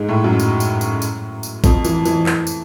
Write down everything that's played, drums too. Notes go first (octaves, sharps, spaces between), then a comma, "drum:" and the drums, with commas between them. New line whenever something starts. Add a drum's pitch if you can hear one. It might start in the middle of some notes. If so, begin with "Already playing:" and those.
Already playing: G#2 G#3
A2 A3
F#2 F#3
drum: tambourine
drum: tambourine
drum: tambourine
drum: tambourine
drum: tambourine
F2 F3, drum: kick A#1, tambourine
E3, drum: tambourine
E3, drum: tambourine
E3, drum: clap
drum: tambourine